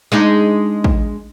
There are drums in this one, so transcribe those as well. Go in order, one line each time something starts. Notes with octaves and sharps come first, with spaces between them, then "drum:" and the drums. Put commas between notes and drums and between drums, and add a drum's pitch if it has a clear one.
G#3 D4 D#4
drum: kick